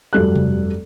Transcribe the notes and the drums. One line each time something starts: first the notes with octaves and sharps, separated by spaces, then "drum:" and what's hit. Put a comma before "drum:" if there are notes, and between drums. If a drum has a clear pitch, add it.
F1 G2 F#3 G3 A4 F#6
drum: tom C3